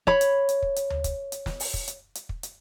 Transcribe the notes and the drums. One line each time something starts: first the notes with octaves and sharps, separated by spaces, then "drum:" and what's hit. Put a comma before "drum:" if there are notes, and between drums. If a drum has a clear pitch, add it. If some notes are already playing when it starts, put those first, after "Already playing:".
C#5 B5, drum: kick
drum: hi-hat
drum: hi-hat
drum: kick
drum: hi-hat
drum: tom D2
drum: kick, hi-hat
drum: hi-hat
drum: snare
drum: open hi-hat
drum: kick
drum: hi-hat
drum: hi-hat
drum: kick
drum: hi-hat